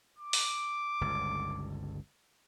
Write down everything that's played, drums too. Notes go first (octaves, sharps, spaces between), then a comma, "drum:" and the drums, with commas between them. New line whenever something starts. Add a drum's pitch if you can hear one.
D6
drum: open hi-hat
G1 C#2 G2